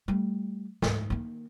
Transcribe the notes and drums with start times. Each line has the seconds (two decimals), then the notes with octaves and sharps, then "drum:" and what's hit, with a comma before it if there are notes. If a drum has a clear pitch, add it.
0.08 G3 A3
0.82 D2 G#2, drum: snare
1.10 D#3 A#3